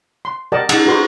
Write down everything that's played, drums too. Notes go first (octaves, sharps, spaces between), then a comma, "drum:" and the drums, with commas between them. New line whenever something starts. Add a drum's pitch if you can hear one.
C6
G4 A#4 D5 D#5 F#5 A5
D#4 F#5 A5 E6, drum: cymbal
D#4 F#4 B4 C6